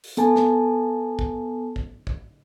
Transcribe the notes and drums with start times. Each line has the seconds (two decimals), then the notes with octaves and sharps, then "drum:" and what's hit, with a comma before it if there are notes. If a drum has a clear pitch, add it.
0.04 drum: open hi-hat
0.17 B3 A4 G#5 A5, drum: hi-hat
0.36 drum: snare
1.19 drum: kick
1.76 drum: kick
2.07 drum: kick